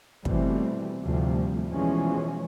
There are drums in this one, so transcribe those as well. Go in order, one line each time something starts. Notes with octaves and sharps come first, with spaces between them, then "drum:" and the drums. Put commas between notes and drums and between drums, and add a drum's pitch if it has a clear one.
B2 E3 G3 A3 C4, drum: kick
D2 A2 C3 F3 G3 A3
B2 E3 F3 G3 G#3 C#4